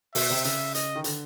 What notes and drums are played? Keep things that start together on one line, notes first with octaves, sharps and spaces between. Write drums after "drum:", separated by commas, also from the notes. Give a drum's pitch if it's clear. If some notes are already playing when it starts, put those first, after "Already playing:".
B2 E5, drum: open hi-hat
C3
C#3 E5, drum: hi-hat
D#5, drum: hi-hat
D#3
D3, drum: hi-hat